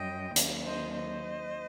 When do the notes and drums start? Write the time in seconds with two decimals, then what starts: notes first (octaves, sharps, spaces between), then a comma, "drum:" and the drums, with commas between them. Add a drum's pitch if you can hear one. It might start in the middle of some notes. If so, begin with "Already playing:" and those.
Already playing: F#2 F#3 D#5 G5
0.36 D#2 D#3 F#3, drum: hi-hat
0.65 C5 D#5
0.94 C5 D#5